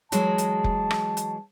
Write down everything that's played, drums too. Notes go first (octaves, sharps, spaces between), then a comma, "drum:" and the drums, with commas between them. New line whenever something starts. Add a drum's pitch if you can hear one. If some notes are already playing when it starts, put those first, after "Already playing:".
E3 F#3 G#3 A5, drum: hi-hat
drum: hi-hat
drum: kick F1
drum: rim click
drum: hi-hat